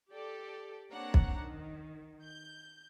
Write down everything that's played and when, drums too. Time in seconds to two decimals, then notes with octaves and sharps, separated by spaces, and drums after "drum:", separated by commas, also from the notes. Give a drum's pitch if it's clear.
0.11 G4 A4 D5
0.91 A#3 C4 D4 C#5 F#5 A#5
1.14 drum: kick
1.39 D#3
2.23 G6